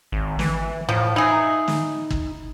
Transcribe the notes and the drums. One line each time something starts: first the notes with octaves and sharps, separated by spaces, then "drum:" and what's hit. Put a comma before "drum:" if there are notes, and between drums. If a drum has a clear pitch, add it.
G#1
E3, drum: snare
A2 F3
D#4 E4 G#4
drum: snare
drum: kick